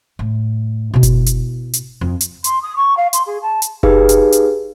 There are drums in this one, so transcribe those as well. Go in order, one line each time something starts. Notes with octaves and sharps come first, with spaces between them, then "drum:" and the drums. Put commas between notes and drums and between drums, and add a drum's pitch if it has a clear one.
A2
B2 E4
drum: kick F#1, hi-hat
drum: hi-hat
drum: hi-hat
F2
drum: hi-hat
C6, drum: hi-hat
D#6
C#6
F5
C6, drum: hi-hat
G#4
A5
drum: hi-hat
D#4 G4 G#4 B4 F5, drum: kick F#1
drum: hi-hat
drum: hi-hat